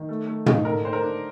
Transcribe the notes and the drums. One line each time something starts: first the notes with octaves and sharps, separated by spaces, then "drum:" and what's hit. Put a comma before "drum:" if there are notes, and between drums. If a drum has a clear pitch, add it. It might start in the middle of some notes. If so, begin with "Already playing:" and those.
Already playing: D#3
A3
A3
D#4, drum: tom
D3 A#4
D3 C5
A#4
D4